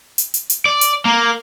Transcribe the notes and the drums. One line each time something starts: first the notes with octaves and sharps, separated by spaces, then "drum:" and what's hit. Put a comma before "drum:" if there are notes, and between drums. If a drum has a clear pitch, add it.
drum: hi-hat
drum: hi-hat
drum: hi-hat
D5
drum: hi-hat
A#3